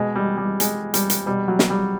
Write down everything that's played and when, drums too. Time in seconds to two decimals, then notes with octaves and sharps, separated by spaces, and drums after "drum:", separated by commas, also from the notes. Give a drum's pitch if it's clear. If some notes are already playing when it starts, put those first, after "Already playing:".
Already playing: B2 G#3
0.16 G3
0.38 G3
0.60 G#3, drum: hi-hat
0.94 G3, drum: hi-hat
1.10 drum: hi-hat
1.26 B2 G3
1.48 F#3
1.59 drum: snare
1.70 G3